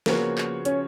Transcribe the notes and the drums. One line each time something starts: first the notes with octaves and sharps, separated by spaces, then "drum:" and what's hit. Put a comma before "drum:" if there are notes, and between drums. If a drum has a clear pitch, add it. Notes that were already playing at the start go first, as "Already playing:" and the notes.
C#3 F3 A#3 B3 F#4 C#5, drum: snare
drum: clap
C#4, drum: hi-hat